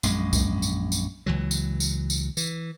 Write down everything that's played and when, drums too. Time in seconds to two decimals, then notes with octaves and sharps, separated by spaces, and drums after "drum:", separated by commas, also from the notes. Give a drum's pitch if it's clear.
0.03 A#1 F#2 G#3, drum: tambourine
0.33 drum: kick C#2, tambourine
0.62 drum: tambourine
0.92 drum: tambourine
1.26 C#2 E3 F#3
1.51 drum: tambourine
1.80 drum: tambourine
2.10 drum: tambourine
2.37 E3, drum: tambourine